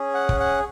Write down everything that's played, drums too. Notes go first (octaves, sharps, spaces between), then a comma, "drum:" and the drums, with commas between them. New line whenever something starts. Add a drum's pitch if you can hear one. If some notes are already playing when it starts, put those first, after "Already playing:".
Already playing: C#4 G#4
F#5
drum: kick
F#5